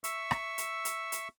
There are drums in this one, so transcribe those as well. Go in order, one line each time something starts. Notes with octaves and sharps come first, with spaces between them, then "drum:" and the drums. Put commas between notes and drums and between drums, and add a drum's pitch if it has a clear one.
E5 C#6 E6, drum: hi-hat
drum: rim click
drum: hi-hat
drum: hi-hat
drum: hi-hat